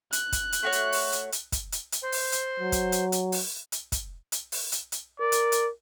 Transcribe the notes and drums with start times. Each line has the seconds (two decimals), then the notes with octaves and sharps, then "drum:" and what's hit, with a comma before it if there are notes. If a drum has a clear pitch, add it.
0.13 F#6, drum: hi-hat
0.32 drum: kick, hi-hat
0.52 drum: hi-hat
0.63 A3 F#4 C#5
0.72 drum: hi-hat
0.92 drum: open hi-hat
1.12 drum: hi-hat
1.32 drum: hi-hat
1.52 drum: kick, hi-hat
1.72 drum: hi-hat
1.92 drum: hi-hat
2.02 C5
2.12 drum: open hi-hat
2.32 drum: hi-hat
2.60 F#3
2.72 drum: kick, hi-hat
2.92 drum: hi-hat
3.12 drum: hi-hat
3.32 drum: open hi-hat
3.72 drum: hi-hat
3.92 drum: kick, hi-hat
4.32 drum: hi-hat
4.52 drum: open hi-hat
4.72 drum: hi-hat
4.92 drum: hi-hat
5.20 A#4 D5
5.32 drum: hi-hat
5.52 drum: hi-hat